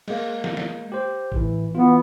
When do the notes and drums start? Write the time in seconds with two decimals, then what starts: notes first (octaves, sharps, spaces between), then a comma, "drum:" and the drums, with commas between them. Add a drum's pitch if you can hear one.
0.08 G#3 A#3, drum: cymbal
0.44 drum: snare
0.57 drum: snare
0.92 G4 C5
1.32 A2 E3, drum: kick A1
1.75 E3 B3 F4